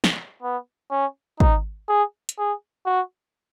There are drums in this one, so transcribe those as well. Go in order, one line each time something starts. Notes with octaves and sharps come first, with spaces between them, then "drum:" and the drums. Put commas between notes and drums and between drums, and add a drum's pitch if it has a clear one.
drum: snare
B3
C#4
D#4, drum: kick
G#4
drum: hi-hat
G#4
F#4